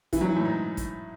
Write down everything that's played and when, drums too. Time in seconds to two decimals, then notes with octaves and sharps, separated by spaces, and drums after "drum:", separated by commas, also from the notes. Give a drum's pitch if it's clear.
0.13 E3, drum: kick, hi-hat
0.21 F#3
0.29 E3
0.36 A2
0.45 G#2
0.77 drum: kick, hi-hat